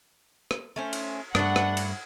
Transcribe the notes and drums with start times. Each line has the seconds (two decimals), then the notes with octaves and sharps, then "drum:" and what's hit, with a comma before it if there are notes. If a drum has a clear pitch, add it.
0.51 drum: rim click
0.76 A3 C#4 C5
0.93 drum: cymbal
1.35 G2 A3 D4 B4 F#5, drum: rim click
1.56 drum: rim click
1.77 drum: cymbal